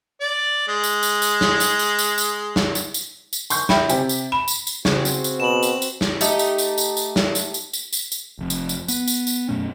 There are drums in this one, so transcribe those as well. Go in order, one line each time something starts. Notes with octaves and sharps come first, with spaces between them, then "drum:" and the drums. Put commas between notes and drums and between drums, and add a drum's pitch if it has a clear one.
D5
G#3
drum: tambourine
drum: tambourine
drum: tambourine
drum: snare
drum: tambourine
drum: tambourine
drum: tambourine
drum: tambourine
drum: snare
drum: tambourine
drum: tambourine
drum: tambourine
C6 C#6 G6, drum: tambourine
E5 G5 B5, drum: snare
C3 G4, drum: tambourine
drum: tambourine
B5 E7
drum: tambourine
drum: tambourine
C#3 C4 F#4, drum: snare
drum: tambourine
drum: tambourine
B2 E7 F#7
drum: tambourine
drum: tambourine
drum: snare
A3 D#4 G4, drum: tambourine
drum: tambourine
drum: tambourine
drum: tambourine
drum: tambourine
drum: snare
drum: tambourine
drum: tambourine
drum: tambourine
drum: tambourine
drum: tambourine
F1 F2
drum: tambourine
drum: tambourine
B3, drum: tambourine
drum: tambourine
drum: tambourine
F#2 B2 A3 C#4